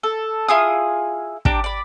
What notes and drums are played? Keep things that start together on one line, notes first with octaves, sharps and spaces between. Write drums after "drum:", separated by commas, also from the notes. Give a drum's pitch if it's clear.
A4
E4 F4 G#4 D#6
D4 G4 A#5, drum: kick
D5 B5